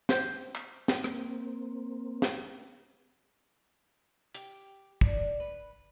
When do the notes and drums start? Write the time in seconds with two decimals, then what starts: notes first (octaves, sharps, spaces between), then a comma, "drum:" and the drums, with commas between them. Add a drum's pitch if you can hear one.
0.09 C5, drum: snare
0.55 drum: clap
0.88 drum: snare
1.04 A#3 C4, drum: rim click
2.22 drum: snare
4.35 G4, drum: hi-hat
5.01 D4, drum: kick
5.40 B4